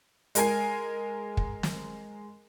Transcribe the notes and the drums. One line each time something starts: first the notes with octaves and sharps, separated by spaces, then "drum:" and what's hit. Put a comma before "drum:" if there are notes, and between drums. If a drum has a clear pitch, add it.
G#3 A#4 G#5 C7, drum: hi-hat
drum: kick
drum: snare